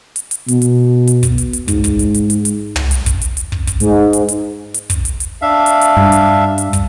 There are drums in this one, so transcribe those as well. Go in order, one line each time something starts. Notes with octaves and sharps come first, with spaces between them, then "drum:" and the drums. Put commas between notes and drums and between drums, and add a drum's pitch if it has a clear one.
drum: hi-hat
drum: hi-hat
B2, drum: hi-hat
drum: hi-hat
drum: hi-hat
drum: kick, hi-hat
drum: hi-hat
drum: hi-hat
G#2, drum: kick, hi-hat
drum: kick, hi-hat
drum: hi-hat
drum: hi-hat
drum: hi-hat
drum: hi-hat
drum: tom
drum: hi-hat
drum: kick, hi-hat
drum: hi-hat
drum: hi-hat
drum: kick
drum: kick, hi-hat
G#2, drum: hi-hat
drum: hi-hat
drum: hi-hat
drum: hi-hat
drum: kick, hi-hat
drum: hi-hat
drum: hi-hat
D4 E5 F5
drum: hi-hat
drum: hi-hat
G2
drum: hi-hat
drum: hi-hat
drum: kick, hi-hat